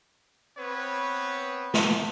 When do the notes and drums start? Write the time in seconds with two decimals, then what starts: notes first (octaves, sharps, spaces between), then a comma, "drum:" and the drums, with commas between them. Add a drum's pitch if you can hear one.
0.58 B3 C4 B4 C#5
1.74 drum: snare